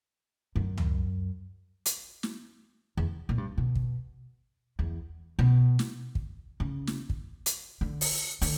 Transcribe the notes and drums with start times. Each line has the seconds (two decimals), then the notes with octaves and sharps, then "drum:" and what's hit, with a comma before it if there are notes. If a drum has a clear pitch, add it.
0.56 F#2
0.78 drum: tom C#2
1.86 drum: hi-hat
2.23 drum: snare
2.97 E2
3.29 A#2
3.38 G2
3.58 B2
3.75 drum: kick
4.79 E2
5.39 B2
5.79 drum: snare
6.15 drum: kick
6.60 C#3
6.87 drum: snare
7.09 drum: kick
7.46 drum: hi-hat
7.81 D3
8.01 drum: open hi-hat
8.41 D3, drum: open hi-hat